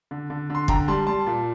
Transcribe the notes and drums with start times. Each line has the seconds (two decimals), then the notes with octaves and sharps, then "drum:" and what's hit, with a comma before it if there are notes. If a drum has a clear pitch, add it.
0.11 D3
0.30 D3
0.50 D3 C6
0.68 D3 G5 A#5, drum: kick
0.88 G3 A5 C6
1.07 G3 A5 C6
1.27 A#2